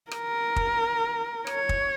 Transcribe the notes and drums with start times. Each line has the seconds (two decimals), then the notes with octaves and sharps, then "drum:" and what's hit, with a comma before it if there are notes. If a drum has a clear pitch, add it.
0.11 A#4, drum: rim click
0.56 drum: kick
1.47 C#5, drum: rim click
1.69 drum: kick